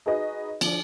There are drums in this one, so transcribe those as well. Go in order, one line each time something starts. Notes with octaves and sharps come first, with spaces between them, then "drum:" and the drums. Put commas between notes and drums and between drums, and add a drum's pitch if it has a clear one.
D#4 F#4 G#4 B4 D#5
F3 D4, drum: cymbal